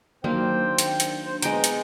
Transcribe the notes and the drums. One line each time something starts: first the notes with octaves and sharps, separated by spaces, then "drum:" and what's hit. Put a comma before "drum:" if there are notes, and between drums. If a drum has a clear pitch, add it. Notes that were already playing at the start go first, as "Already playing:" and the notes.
D#3 F#3 A#3 C4 D4 C5 G5
drum: hi-hat
drum: hi-hat
C5
G#3 B3 B4 G5 A#5, drum: hi-hat
drum: hi-hat